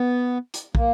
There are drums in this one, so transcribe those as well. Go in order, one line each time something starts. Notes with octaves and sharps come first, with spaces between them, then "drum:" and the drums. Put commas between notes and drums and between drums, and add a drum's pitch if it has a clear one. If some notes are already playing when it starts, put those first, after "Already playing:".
Already playing: B3
drum: hi-hat
A#3, drum: kick